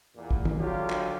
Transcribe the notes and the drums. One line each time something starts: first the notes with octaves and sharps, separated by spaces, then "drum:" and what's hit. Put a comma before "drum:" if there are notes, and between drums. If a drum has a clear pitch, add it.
E2 A#2
drum: kick
drum: tom
D3 F#3 F4 G4
drum: clap